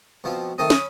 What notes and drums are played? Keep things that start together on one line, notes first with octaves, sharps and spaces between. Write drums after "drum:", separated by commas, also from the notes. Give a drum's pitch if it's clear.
B2 F3 C4
D#3 A3 C4 D#6
C#4 B5, drum: snare